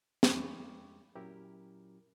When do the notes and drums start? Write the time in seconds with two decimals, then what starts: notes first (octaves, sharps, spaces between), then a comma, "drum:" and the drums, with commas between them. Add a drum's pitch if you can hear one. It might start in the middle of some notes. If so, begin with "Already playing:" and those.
0.23 F2 G#3 G5 B5 C#6 D6, drum: snare
1.16 A#2 F#3 C#4 E4 G4 A#4